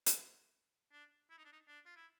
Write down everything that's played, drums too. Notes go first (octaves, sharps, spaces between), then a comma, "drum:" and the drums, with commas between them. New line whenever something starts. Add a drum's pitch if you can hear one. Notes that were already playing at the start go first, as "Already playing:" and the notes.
drum: hi-hat
D4
E4
D#4
D4
D#4
D4
F4
E4